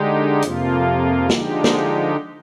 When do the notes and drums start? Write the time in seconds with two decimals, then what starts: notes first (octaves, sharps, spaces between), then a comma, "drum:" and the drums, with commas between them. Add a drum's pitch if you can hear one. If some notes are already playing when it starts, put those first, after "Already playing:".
Already playing: D3 G#3 D#4 G4
0.42 F2 C3 F3 A#3 F4, drum: hi-hat
1.29 D3 F3 G#3 D#4 G4, drum: snare
1.64 drum: snare